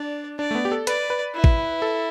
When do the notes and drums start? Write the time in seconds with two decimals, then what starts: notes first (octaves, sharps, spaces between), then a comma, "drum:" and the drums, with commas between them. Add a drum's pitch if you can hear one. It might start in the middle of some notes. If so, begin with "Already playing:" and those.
Already playing: D4 D5
0.39 D4 D5
0.51 A3
0.55 B3
0.65 G4
0.72 A4
0.87 B4 D5, drum: hi-hat
1.10 B4
1.35 E4
1.44 drum: kick A1
1.82 A4